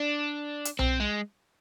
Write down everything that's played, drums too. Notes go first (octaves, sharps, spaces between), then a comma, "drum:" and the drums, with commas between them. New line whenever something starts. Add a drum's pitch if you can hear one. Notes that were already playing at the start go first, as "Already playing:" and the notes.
Already playing: D4
drum: hi-hat
C4, drum: tom B1
G#3